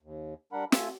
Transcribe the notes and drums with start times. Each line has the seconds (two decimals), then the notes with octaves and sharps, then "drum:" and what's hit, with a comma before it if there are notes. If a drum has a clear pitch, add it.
0.02 D#2
0.53 G3 D4 A#4 F#5 B5
0.72 A3 F4 E5 G#5, drum: snare